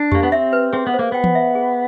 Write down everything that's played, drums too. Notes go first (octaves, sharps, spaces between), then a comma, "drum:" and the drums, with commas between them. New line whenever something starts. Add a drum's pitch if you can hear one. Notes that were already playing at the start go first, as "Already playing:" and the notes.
Already playing: D4
A#3 G4, drum: tom E2
B3
C4 E5
B4
C4 G#4
B3
C5
A#3
B3 G5
drum: tom E3
E5
G#4